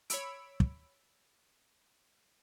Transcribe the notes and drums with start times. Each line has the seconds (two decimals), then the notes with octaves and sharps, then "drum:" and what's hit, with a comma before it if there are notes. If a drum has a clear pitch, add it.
0.10 C#5 B5 E6 D7, drum: hi-hat
0.60 drum: kick